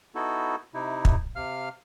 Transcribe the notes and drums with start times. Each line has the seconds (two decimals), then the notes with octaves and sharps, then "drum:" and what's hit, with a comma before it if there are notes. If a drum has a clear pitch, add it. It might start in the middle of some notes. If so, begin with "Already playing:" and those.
0.15 B3 D#4 E4 F#4 A4
0.74 C3 D#4 E4
1.05 drum: kick
1.36 C3 F5 F6